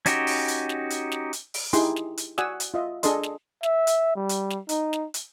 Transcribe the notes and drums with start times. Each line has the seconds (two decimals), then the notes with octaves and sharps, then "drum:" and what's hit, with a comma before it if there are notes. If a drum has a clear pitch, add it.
0.06 C#4 D#4 F#4 G4, drum: hi-hat
0.27 drum: open hi-hat
0.48 drum: hi-hat
0.69 drum: snare
0.90 drum: hi-hat
1.12 drum: snare
1.33 drum: hi-hat
1.54 drum: open hi-hat
1.73 D#4 E4 G4 G#4 G5 C6, drum: hi-hat
1.96 drum: snare
2.17 drum: hi-hat
2.38 F#4 D5 F#5 G#5 D#6 E6, drum: snare
2.60 drum: hi-hat
2.74 F4 D#5 E5
3.03 D4 G#4 A4 D#5 C6, drum: hi-hat
3.23 drum: snare
3.63 E5, drum: snare
3.87 drum: hi-hat
4.16 G3
4.29 drum: hi-hat
4.50 drum: snare
4.69 D#4, drum: hi-hat
4.93 drum: snare
5.14 drum: hi-hat